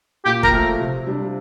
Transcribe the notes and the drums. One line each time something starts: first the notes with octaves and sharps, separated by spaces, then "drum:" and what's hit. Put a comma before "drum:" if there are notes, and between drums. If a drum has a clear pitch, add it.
A#2 G4
A#4, drum: kick
F3 A3
C3
G3 D4